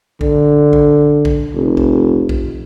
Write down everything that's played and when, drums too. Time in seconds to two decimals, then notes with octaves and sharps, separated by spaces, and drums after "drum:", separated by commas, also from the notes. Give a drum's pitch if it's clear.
0.21 D3, drum: kick A#1
0.73 drum: kick A#1
1.25 drum: kick A#1
1.54 F1
1.77 drum: kick A#1
2.29 drum: kick A#1